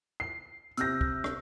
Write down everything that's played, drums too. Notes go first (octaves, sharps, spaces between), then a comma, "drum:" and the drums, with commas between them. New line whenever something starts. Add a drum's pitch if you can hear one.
C7
C3 E6 F6 G6 A#6, drum: hi-hat
drum: kick
drum: rim click